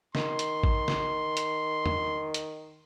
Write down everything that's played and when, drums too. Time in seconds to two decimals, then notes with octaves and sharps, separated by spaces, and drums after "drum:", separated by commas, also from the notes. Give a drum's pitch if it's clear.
0.15 D#3 C6, drum: snare
0.39 drum: hi-hat
0.64 drum: kick A1
0.88 drum: snare
1.37 drum: hi-hat
1.86 drum: tom
2.34 drum: hi-hat